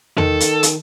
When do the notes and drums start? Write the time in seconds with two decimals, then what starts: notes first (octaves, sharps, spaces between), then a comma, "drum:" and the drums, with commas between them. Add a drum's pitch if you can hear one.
0.18 D#3 A4, drum: tom E2
0.40 drum: hi-hat
0.63 drum: hi-hat